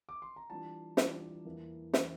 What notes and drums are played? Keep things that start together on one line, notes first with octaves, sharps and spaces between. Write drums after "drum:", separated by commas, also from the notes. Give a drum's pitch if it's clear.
D6
C6
A#5
E3 G3 D4 F4 A5
E3 G3 D4 F4, drum: snare
E2 E3 A#3 E4
E3 A#3 E4, drum: snare